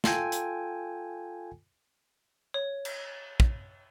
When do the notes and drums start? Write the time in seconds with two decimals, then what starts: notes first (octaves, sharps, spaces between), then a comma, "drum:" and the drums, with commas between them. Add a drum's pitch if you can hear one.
0.04 F4 A4 G5 G#5, drum: snare
0.32 drum: hi-hat
2.54 C#5
2.85 drum: cymbal
3.40 drum: kick